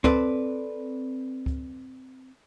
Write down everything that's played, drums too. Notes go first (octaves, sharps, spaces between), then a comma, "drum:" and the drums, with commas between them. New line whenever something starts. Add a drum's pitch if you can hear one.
C4 A4 B4 D5, drum: kick C#2
drum: kick C#2